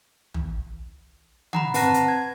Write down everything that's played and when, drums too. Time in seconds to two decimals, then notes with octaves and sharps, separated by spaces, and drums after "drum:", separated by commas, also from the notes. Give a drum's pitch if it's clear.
0.34 drum: tom
1.53 F#5 A#5 B5, drum: tom D3
1.74 C4 B4 F#5 A5 F#6 A#6, drum: open hi-hat
1.94 drum: hi-hat
2.08 G#6